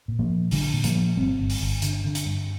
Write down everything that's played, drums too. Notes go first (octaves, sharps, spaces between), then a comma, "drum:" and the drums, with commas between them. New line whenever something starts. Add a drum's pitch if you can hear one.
A#2
F3 A#3
A#2
A#1 D3 G3, drum: open hi-hat
A#2
F3 A#3, drum: hi-hat
A#2
G1 G3 C4
G1
drum: open hi-hat
G1
D3, drum: hi-hat
D3
drum: hi-hat
G2